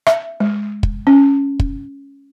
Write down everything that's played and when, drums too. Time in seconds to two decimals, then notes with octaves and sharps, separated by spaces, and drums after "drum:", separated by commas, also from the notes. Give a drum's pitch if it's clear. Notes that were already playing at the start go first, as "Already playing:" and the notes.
0.07 E5, drum: rim click
0.40 G#3
0.83 drum: kick
1.07 C#4
1.60 drum: kick